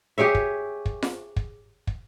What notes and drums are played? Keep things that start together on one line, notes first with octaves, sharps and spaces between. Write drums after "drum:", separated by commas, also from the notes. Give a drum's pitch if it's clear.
G4 G#4 C#5 E5
drum: kick
drum: kick
drum: snare F4
drum: kick
drum: kick